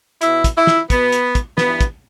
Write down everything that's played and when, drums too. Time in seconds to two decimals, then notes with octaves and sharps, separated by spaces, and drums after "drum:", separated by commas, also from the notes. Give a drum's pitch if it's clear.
0.22 B2 E4, drum: hi-hat
0.44 drum: kick, hi-hat
0.56 E4
0.67 drum: snare
0.90 B2 B3, drum: kick, hi-hat
1.12 drum: hi-hat
1.35 drum: kick, hi-hat
1.58 G2 E3 B3, drum: snare
1.81 drum: kick, hi-hat